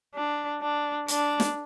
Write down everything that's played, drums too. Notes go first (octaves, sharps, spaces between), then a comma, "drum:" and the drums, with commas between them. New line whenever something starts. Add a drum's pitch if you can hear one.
D4
D4
D4, drum: hi-hat
drum: snare